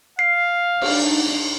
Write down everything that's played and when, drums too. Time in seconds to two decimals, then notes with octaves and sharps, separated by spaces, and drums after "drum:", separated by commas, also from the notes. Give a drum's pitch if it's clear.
0.19 F5 C7
0.82 D4 D#4, drum: cymbal